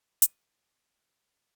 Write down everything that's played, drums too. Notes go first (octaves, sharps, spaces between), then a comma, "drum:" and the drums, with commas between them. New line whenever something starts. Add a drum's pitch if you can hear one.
D#7, drum: hi-hat